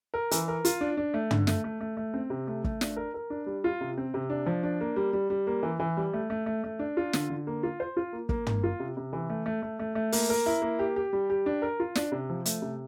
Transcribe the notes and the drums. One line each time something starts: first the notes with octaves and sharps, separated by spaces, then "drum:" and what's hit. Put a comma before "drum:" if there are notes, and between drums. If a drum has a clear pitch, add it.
A#4
E3, drum: hi-hat
A#4
F4, drum: hi-hat
D4
D4
A3
D3, drum: tom
A3, drum: snare
A3
A3
A3
C4
C3
A3
A3, drum: kick
D4, drum: snare
A#4
A#4
D4
G3
F4
C3
C4
C3
D4
F3
D4
A#3
G3
G3
G3
A#3
E3
E3
G3
A3
A3
A3
A3
D4
F4
D3, drum: snare
D3
A#3
F4
C5
F4
A#3
A#3, drum: kick
A#3, drum: tom
F4
C3
C3
E3
A3
A3
A3
A3
A3
A#3, drum: open hi-hat
A#4
E4
A#3
G4
G4
G3
G4
D4
A#4
F4
D4, drum: snare
C3
F3
A3, drum: hi-hat
C3